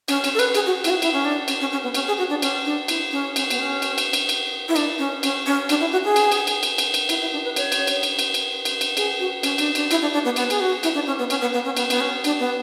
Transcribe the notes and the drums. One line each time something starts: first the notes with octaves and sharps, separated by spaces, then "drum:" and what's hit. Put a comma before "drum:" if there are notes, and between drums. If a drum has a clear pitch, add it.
C#4, drum: cymbal
C#4, drum: cymbal
A4
B4, drum: cymbal
G#4, drum: cymbal
F#4
E4, drum: cymbal
F#4
E4, drum: cymbal
C#4
D4
C#4, drum: cymbal
C#4
C#4
B3
C#4, drum: cymbal
G#4
F#4
D4
C#4, drum: cymbal
D4
E4, drum: cymbal
C#4
C#4, drum: cymbal
B3, drum: cymbal
C#4
drum: cymbal
drum: cymbal
drum: cymbal
drum: cymbal
E4
D4, drum: cymbal
C#4
C#4, drum: cymbal
C#4
D4, drum: cymbal
E4
F#4
G#4
drum: cymbal
drum: cymbal
drum: cymbal
drum: cymbal
drum: cymbal
drum: cymbal
E4, drum: cymbal
E4
D4
B4
C#5, drum: cymbal
drum: cymbal
drum: cymbal
drum: cymbal
drum: cymbal
drum: cymbal
drum: cymbal
drum: cymbal
G#4, drum: cymbal
F#4
C#4, drum: cymbal
D4, drum: cymbal
D4, drum: cymbal
E4, drum: cymbal
D4
D4
B3
B3, drum: cymbal
G#4, drum: cymbal
F#4
E4, drum: cymbal
D4
C#4
B3
C#4, drum: cymbal
B3
B3
C#4
B3, drum: cymbal
B3, drum: cymbal
C#4
D4, drum: cymbal
B3